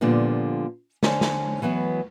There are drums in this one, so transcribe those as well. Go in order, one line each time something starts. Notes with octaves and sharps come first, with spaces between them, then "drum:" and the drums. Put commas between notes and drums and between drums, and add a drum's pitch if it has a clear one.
A#2 D3 F3 G3 B3
D3 C#4 C5 C#5, drum: snare
drum: snare
E3 F#3 B3 F#4